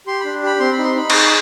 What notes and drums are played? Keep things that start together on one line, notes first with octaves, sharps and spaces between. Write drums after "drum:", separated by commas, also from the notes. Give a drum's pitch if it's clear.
G4 C6
D4 B5
G4 B5
C4 C6
B5
D#4
C6
D#4 B5
G#4 C6, drum: cymbal
B5